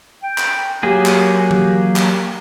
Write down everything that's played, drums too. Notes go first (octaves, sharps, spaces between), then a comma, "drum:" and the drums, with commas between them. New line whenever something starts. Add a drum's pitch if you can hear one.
G5
drum: clap
F#3 A#3 G4 G#4
drum: clap
drum: tom E3
drum: clap